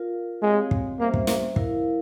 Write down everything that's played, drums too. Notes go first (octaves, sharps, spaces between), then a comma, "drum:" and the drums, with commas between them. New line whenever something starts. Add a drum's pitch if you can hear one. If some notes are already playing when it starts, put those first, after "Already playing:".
Already playing: F4 A#4 F5
G#3 C4 G4 C#5 F5
drum: kick
G3 A#3 C#4 G4 C5 E5
drum: kick
A#3, drum: snare
E4 A#4 F5, drum: kick